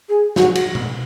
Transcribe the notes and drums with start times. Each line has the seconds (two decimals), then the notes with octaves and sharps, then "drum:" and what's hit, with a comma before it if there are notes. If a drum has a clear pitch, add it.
0.09 G#4
0.36 F#4, drum: snare
0.55 drum: cymbal
0.75 drum: tom B2